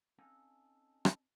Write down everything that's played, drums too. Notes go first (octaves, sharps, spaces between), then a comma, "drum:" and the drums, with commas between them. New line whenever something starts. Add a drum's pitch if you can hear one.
C4 C#4 D#4 A4 F5 G#5
drum: rim click